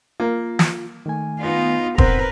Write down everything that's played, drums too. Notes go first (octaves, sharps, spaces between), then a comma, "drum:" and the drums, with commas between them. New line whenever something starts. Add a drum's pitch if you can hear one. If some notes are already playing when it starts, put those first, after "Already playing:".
A#3 F4
drum: snare
D#3 A3 G#5
B3 D#4 F4
C4 A#4 B4 F#5 C6, drum: kick E1